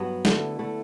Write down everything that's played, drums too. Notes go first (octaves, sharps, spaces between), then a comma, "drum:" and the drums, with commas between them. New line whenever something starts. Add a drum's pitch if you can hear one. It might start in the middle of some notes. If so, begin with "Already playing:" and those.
Already playing: G2 F#3 B3
D3 A3 E4, drum: snare
D3 A3 E4